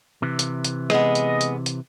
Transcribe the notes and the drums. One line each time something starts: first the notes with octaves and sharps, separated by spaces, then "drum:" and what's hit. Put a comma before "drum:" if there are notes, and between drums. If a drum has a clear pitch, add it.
C3 E3
drum: hi-hat
drum: hi-hat
G#3 B3 D#5, drum: rim click
drum: hi-hat
drum: hi-hat
drum: hi-hat